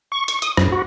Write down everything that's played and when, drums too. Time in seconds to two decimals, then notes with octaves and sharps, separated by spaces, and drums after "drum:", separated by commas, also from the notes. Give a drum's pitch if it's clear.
0.12 C#6
0.28 C#6, drum: hi-hat
0.42 D#6, drum: hi-hat
0.57 F#2, drum: rim click
0.72 F#4